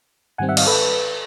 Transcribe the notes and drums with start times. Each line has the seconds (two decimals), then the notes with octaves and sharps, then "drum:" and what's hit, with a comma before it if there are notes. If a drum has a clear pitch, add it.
0.38 G#2 D#3 G3 C4 F#5 G#5
0.49 E5 F#5
0.57 D#5 F5, drum: cymbal
0.67 A4 B4